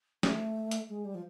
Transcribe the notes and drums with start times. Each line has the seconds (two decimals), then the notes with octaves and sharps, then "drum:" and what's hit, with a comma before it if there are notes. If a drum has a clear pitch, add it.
0.23 A3, drum: snare
0.71 drum: hi-hat
0.89 G#3
1.05 G3
1.15 F3